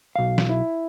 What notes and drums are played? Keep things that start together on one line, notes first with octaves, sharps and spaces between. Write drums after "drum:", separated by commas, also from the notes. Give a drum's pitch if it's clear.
B1 F5
drum: snare
E4